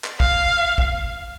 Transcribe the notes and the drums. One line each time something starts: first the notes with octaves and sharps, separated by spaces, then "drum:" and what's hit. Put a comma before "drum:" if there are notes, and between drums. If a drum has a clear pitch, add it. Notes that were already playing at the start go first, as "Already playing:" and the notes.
drum: clap
F5, drum: kick
drum: kick